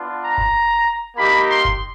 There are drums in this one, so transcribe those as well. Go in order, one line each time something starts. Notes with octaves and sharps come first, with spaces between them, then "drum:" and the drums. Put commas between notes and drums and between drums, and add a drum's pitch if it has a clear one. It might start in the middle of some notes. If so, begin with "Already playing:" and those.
Already playing: B3 D4 F4
A#5
drum: kick F#1
A#3 D#4 G4 B5
C6
drum: kick F#1